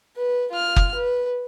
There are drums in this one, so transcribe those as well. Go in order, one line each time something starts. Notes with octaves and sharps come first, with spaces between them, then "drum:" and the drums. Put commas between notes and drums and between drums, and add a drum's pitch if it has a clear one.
B4
F4 F6
drum: kick F#1
B4